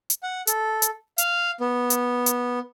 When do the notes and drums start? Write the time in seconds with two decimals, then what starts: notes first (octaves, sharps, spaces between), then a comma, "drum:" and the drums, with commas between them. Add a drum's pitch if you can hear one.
0.10 drum: hi-hat
0.23 F#5
0.47 A4, drum: hi-hat
0.82 drum: hi-hat
1.18 F5, drum: hi-hat
1.61 B3
1.90 drum: hi-hat
2.26 drum: hi-hat